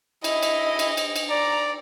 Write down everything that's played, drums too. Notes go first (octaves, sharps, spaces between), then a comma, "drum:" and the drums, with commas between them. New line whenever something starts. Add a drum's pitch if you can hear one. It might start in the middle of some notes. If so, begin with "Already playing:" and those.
E4 D#5, drum: cymbal
drum: cymbal
drum: cymbal
drum: cymbal
drum: cymbal
D5 A#5